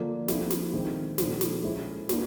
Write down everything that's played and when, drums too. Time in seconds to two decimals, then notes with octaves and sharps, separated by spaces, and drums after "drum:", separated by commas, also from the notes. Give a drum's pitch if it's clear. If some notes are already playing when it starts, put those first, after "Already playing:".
Already playing: D3 F3 A#3 D4 F4
0.28 F3 A3 C4 E4, drum: snare
0.50 drum: snare
0.73 D#3 G#3 C4
1.18 A#2 F3 A3, drum: snare
1.41 drum: snare
1.63 G#3 C#4 E4 A4 C5
2.09 G3 A#3 D4 F#4 B4, drum: snare